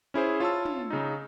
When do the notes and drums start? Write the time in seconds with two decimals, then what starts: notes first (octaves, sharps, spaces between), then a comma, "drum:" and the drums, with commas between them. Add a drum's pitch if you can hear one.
0.14 C#4 E4 G#4 C5
0.40 F4 C#5 A5 E6
0.65 drum: tom
0.90 C#3 D#4